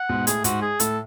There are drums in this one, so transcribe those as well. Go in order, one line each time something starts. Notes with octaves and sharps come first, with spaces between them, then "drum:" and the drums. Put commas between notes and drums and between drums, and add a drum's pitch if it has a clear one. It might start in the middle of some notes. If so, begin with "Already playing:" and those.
Already playing: F#5
G#2 B2
A2 G#4, drum: hi-hat
G#2 F#4, drum: hi-hat
G#4
A2 A4, drum: hi-hat